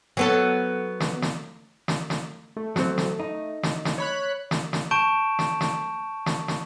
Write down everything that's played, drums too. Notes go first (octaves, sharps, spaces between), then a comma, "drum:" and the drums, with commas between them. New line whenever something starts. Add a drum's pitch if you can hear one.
F#3 B3 A4
drum: snare
drum: snare
drum: snare
drum: snare
A3
F#3 C4, drum: snare
drum: snare
D#4
drum: snare
drum: snare
C#5 B5 F#6
drum: snare
drum: snare
A5 C#6 G6 D7 E7
drum: snare
drum: snare
drum: snare
drum: snare